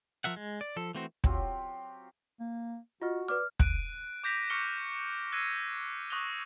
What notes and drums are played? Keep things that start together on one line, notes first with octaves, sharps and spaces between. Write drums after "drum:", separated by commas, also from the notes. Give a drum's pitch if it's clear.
F3 A#4 E5 F#5
G#3
D5
F3 A4
E3 A3 C4 F#4 C5
F#3 C4 F4 G4, drum: kick
A#3
F4 F#4 D#5 F6
B4 D5 D6 F6
F#6 D7 D#7, drum: kick
D6 G6 A#6 B6 F7
C#6 D6 F6 C#7 G7
E6 F#6 G#6 A#6 C7 D#7
C#6 D#6 F#6 A#6 F7 G7